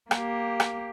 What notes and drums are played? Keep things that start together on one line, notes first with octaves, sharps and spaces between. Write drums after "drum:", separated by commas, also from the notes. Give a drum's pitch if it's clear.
A#3 G4, drum: rim click
drum: rim click